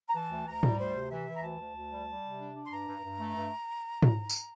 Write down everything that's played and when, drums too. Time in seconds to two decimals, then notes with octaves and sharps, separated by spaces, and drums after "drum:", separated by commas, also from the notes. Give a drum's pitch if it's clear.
0.08 A#5
0.14 E3 A5
0.30 D2
0.47 D2 A#5
0.63 G3, drum: tom
0.79 D2 C5
0.95 C3
1.10 E3 E5
1.27 E3
1.35 A#5
1.43 D2 A5
1.59 D2
1.75 D2
1.91 G3
2.07 G3
2.23 C3
2.39 D4
2.55 D4
2.65 C6
2.71 G2 A#5
2.88 G2
3.03 G2
3.20 A3
3.35 G2
4.03 drum: tom
4.30 drum: tambourine